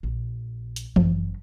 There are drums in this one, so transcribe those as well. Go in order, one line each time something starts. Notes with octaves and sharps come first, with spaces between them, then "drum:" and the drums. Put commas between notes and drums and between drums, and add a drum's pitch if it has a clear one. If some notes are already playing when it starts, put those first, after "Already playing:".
A#1
drum: hi-hat
G1 F#2, drum: tom E3